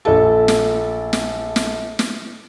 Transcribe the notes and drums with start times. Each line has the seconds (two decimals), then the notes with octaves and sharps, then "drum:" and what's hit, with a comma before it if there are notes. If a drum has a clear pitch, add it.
0.05 A#1 A4
0.48 drum: snare
1.13 drum: snare
1.56 drum: snare
1.99 drum: snare